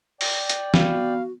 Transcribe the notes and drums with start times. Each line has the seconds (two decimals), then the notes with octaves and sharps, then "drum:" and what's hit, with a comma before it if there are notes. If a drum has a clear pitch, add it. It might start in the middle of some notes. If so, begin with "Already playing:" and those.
0.21 D5 G5, drum: open hi-hat
0.50 drum: hi-hat
0.74 B3 F#4 F5, drum: snare